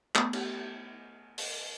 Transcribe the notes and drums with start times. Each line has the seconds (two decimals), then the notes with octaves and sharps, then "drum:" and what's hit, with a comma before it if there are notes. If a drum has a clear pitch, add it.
0.15 A3 B3 D#6, drum: clap
0.33 drum: cymbal
1.38 drum: open hi-hat